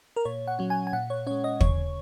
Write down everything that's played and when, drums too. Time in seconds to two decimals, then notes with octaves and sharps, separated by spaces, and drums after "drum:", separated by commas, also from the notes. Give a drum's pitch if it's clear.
0.16 A#4
0.25 A#2 C#5
0.48 F#5
0.59 F#3 C#4
0.70 G#5
0.87 G#5
0.93 A#2 F#5
1.10 C#5
1.27 G#3 C#4 C#5
1.44 D#5
1.61 C#3 C#5, drum: kick